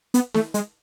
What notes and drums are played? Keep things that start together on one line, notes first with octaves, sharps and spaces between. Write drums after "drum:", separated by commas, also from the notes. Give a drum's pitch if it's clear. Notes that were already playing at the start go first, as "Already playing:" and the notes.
B3, drum: hi-hat
A3, drum: snare
G#3, drum: hi-hat